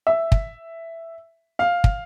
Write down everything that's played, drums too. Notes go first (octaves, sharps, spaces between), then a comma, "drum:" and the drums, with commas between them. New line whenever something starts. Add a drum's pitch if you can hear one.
E5
drum: kick
F5
drum: kick